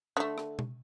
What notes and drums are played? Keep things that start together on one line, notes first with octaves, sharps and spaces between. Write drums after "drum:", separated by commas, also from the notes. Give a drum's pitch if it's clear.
D3 A3
drum: rim click
drum: tom B2